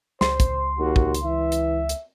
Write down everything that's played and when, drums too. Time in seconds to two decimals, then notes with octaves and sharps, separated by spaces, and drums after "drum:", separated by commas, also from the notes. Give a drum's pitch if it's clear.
0.21 C#2 C5 C6, drum: snare
0.40 drum: kick, hi-hat
0.79 D#2 F#4
0.96 drum: kick
1.15 drum: hi-hat
1.24 E3 E5
1.52 drum: hi-hat
1.89 drum: hi-hat